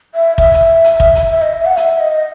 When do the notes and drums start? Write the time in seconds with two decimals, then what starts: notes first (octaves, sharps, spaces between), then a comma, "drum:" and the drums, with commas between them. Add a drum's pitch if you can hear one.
0.15 E5
0.38 E5, drum: kick
0.54 drum: hi-hat
0.84 drum: hi-hat
1.00 drum: kick
1.15 drum: hi-hat
1.31 E5
1.42 D#5
1.54 E5
1.66 F#5
1.77 E5, drum: hi-hat
2.00 D#5